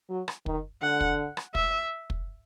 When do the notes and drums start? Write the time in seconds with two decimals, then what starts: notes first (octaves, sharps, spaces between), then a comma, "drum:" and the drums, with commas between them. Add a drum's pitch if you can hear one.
0.10 F#3
0.28 drum: rim click
0.46 D#3, drum: kick
0.82 D3 F#5
1.01 drum: kick
1.37 drum: rim click
1.55 E5, drum: kick
2.10 drum: kick